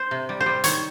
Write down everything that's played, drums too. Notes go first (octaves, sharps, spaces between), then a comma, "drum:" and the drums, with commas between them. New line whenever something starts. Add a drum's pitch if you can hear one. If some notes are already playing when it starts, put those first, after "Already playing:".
Already playing: C5
C3
G3
C5
G3
D#3 C#5, drum: hi-hat